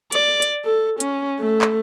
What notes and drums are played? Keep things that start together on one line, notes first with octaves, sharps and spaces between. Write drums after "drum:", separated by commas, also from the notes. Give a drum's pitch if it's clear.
D5, drum: hi-hat
drum: hi-hat
A4
C#4, drum: hi-hat
A3
drum: clap